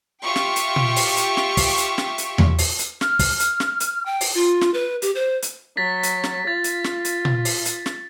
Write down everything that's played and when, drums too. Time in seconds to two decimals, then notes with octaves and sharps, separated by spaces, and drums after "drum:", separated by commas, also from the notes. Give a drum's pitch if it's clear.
0.23 F4 G4 E5 G5 C#6
0.36 drum: snare
0.56 drum: hi-hat
0.76 drum: tom A#2
0.96 drum: open hi-hat
1.17 drum: hi-hat
1.37 drum: snare
1.57 drum: kick, open hi-hat
1.77 drum: hi-hat
1.98 drum: snare
2.18 drum: hi-hat
2.38 drum: tom E2
2.59 drum: open hi-hat
2.79 drum: hi-hat
3.01 F6, drum: snare
3.19 drum: kick, open hi-hat
3.40 drum: hi-hat
3.60 drum: snare
3.80 drum: hi-hat
4.06 G5
4.21 drum: open hi-hat
4.35 F4
4.61 drum: snare
4.74 B4
5.02 G4, drum: hi-hat
5.15 C5
5.42 drum: hi-hat
5.77 F#3 A6 B6
6.03 drum: hi-hat
6.24 drum: snare
6.47 F4 A6
6.64 drum: hi-hat
6.84 drum: snare
7.05 drum: hi-hat
7.25 drum: tom A#2
7.45 drum: open hi-hat
7.65 drum: hi-hat
7.86 drum: snare